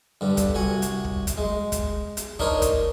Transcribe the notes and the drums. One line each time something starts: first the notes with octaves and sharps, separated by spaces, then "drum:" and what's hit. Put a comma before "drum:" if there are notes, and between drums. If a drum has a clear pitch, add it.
G2 D3
drum: kick, hi-hat
C2 F#4 G#5 C#6
drum: hi-hat
drum: kick
drum: kick, hi-hat
G#3
drum: kick, hi-hat
drum: hi-hat
D4 D#4 A#4 C5 C#5, drum: kick
drum: kick, hi-hat